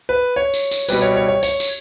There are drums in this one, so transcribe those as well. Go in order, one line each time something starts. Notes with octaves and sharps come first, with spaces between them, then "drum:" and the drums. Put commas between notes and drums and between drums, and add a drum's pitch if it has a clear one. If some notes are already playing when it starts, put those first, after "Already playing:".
B4
C#5
drum: tambourine
drum: tambourine
B2 G3 B4, drum: tambourine
C#5
C#5
C#5
C#5, drum: tambourine
drum: tambourine